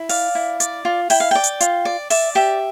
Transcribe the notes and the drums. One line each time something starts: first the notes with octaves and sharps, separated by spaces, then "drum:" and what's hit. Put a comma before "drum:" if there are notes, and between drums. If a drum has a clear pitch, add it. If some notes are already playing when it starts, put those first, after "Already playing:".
Already playing: E4
D5 F5, drum: open hi-hat
E4
D5, drum: hi-hat
F4
E4 G5, drum: open hi-hat
F5
D5 G5
drum: hi-hat
F4, drum: hi-hat
D5
D5 E5, drum: open hi-hat
G4 E5